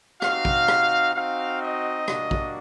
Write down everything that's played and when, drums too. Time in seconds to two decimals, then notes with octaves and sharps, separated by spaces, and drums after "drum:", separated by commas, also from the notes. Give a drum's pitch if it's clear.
0.22 C4 D#4 F#4 F5, drum: rim click
0.45 drum: kick
0.68 drum: rim click
1.14 C4 D#4 F#4 F5
1.61 D#5
2.08 G3 A#3 D4 F#4, drum: rim click
2.31 drum: kick